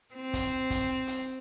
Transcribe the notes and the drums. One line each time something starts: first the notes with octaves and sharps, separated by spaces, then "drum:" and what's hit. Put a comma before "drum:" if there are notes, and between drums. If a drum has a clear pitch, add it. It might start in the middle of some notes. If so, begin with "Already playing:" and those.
C4
drum: kick, hi-hat
drum: kick, hi-hat
drum: hi-hat